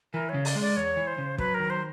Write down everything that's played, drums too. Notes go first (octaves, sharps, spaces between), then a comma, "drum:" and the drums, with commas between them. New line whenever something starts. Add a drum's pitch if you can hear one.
E3 A#4
C#3 C#5
D5, drum: open hi-hat
G#3
D5
E2 C#5
E3
C5
C#3
F#3 B4, drum: kick
A#4
D#3
C5